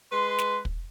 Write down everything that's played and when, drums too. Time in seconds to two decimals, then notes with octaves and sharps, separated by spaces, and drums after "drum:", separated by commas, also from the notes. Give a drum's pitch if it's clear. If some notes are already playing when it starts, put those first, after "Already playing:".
0.12 G#3 B4 C6
0.38 drum: snare
0.65 drum: kick